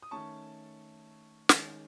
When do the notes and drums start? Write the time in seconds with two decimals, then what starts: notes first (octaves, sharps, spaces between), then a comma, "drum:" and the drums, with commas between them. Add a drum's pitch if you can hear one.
0.02 D#6
0.11 D#3 A3 C#4 A5 C#6
1.49 D#3 G#3 C#4, drum: snare